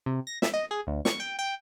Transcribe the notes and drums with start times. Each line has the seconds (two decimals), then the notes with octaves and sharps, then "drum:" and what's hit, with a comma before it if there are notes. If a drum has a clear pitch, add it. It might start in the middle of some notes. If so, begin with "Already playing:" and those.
0.06 C3
0.27 A#6
0.42 E5, drum: snare
0.54 D#5
0.71 G#4
0.87 D2
1.05 C#6, drum: snare
1.20 G5
1.39 G5